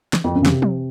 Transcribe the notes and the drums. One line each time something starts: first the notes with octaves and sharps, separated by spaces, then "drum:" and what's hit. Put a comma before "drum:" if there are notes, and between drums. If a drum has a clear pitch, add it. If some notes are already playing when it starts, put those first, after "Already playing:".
drum: snare
F2
F#2
C#3
C3, drum: snare
drum: tom